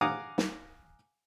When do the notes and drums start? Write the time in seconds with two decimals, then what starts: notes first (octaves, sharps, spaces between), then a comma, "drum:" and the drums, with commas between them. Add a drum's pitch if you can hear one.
0.01 F5 F#5 G#5 A#5 D6 D#6
0.38 drum: snare